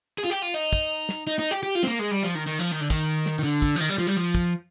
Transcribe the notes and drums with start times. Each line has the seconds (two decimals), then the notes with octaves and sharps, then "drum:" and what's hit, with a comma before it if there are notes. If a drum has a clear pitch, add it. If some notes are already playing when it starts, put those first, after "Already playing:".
0.18 G#4
0.25 F4
0.30 G4
0.42 F4
0.54 D#4
0.73 drum: kick
1.09 drum: snare
1.27 D#4
1.39 D#4
1.51 G4
1.63 G4
1.75 F4
1.83 C4, drum: snare
1.87 A#3
1.99 G#3
2.11 G3
2.24 F3
2.35 D#3
2.47 D#3
2.59 F3
2.72 D#3
2.81 D3
2.90 D#3, drum: kick
3.26 drum: snare
3.39 D#3
3.44 D3
3.62 drum: kick
3.76 F3
3.81 D#3
3.89 G3
3.98 F3, drum: snare
4.07 G3
4.17 F3
4.35 drum: kick